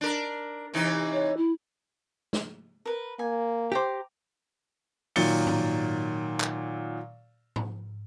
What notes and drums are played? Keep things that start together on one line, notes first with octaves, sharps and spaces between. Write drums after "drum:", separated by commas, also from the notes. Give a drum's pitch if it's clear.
D4 A#4
C3 E3 D#4
C#5
E4
drum: snare
A#4 B4
A#3 G#5
G4 C5 G5 A#5 D6
A#2 D#3 F#3 A6 C#7 G7, drum: open hi-hat
drum: tom G#2
drum: clap
drum: tom G#2